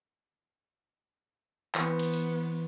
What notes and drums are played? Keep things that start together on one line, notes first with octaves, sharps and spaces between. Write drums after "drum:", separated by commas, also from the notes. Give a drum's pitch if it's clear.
E3 B3 C5 C#6, drum: clap
drum: cymbal
drum: hi-hat